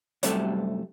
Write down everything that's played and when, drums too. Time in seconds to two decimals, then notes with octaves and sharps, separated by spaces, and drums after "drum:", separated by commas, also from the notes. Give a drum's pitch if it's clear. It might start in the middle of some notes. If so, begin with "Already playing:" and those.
0.23 C2 F#2 C3 G3 A3 A4, drum: hi-hat